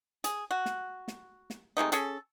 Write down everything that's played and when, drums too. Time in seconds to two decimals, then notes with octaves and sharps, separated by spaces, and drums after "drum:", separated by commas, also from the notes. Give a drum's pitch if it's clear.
0.24 G#4, drum: hi-hat
0.51 F#4
0.66 drum: snare
1.08 drum: snare
1.50 drum: snare
1.77 C3 G#3 A3 D#4
1.92 C#4 G#4 A4, drum: hi-hat